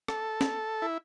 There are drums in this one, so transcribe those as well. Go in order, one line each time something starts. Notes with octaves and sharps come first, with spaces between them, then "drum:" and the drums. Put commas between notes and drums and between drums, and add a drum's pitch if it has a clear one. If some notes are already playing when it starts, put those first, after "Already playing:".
A4, drum: rim click
drum: snare
E4